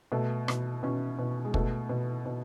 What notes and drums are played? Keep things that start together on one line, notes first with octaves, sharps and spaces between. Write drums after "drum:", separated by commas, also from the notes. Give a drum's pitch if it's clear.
B2 A3
B2, drum: rim click
B2 C#4
B2
G#3
B2 A3, drum: kick
B2
B2